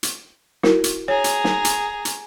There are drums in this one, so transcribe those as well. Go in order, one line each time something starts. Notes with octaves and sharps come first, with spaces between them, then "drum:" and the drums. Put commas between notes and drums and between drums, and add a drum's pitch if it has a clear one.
drum: hi-hat
E4 F#4 A#4, drum: snare
drum: hi-hat
G#4 C#5 A#5
drum: hi-hat
drum: snare
drum: hi-hat
drum: hi-hat